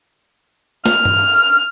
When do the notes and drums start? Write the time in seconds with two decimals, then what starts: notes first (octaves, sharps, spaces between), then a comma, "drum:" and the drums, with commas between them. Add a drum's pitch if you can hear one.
0.86 F6, drum: snare
1.05 drum: tom G2